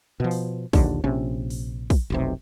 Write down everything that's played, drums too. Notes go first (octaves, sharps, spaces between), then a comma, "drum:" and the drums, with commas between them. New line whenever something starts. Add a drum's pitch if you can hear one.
B2 F3
drum: open hi-hat
A#1 D#2 D3, drum: kick, open hi-hat
A#1 C3 C#4
drum: open hi-hat
drum: kick, open hi-hat
F1 B1 C3